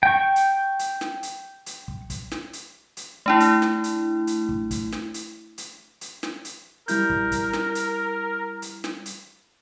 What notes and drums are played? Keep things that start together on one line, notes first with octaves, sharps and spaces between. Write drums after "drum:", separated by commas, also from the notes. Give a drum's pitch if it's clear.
G5 C#6
drum: hi-hat
drum: hi-hat
drum: snare
drum: hi-hat
drum: hi-hat
drum: kick
drum: kick, hi-hat
drum: snare
drum: hi-hat
drum: hi-hat
A3 D4 E4
drum: hi-hat
drum: snare
drum: hi-hat
drum: hi-hat
drum: kick
drum: kick, hi-hat
drum: snare
drum: hi-hat
drum: hi-hat
drum: hi-hat
drum: snare
drum: hi-hat
G3 E4 A#4 G6, drum: hi-hat
drum: kick
drum: kick, hi-hat
drum: snare
drum: hi-hat
drum: hi-hat
drum: snare
drum: hi-hat